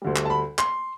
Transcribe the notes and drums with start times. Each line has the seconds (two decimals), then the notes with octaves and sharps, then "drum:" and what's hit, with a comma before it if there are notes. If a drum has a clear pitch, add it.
0.02 D2 D3 G3
0.16 drum: clap
0.25 A5
0.30 B5
0.58 C6, drum: clap